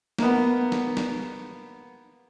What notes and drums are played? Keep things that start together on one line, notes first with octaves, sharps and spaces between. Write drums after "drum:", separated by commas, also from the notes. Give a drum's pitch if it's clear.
A#3 B3, drum: snare
drum: snare
drum: snare